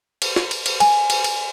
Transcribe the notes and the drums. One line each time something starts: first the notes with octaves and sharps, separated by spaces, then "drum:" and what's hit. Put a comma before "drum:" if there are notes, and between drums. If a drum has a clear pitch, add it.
drum: cymbal
drum: snare
drum: cymbal
drum: cymbal
G#5, drum: cymbal
drum: cymbal
drum: cymbal